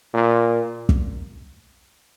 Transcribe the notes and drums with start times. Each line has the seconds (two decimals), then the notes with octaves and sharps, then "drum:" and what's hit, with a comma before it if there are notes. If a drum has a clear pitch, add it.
0.14 A#2
0.89 drum: kick